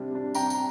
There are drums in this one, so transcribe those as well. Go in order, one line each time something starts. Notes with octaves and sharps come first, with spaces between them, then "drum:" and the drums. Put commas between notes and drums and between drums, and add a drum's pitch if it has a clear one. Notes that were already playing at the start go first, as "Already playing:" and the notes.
Already playing: C3 G3 D4
G3 D4
C3 G5 A#5, drum: tambourine
drum: tambourine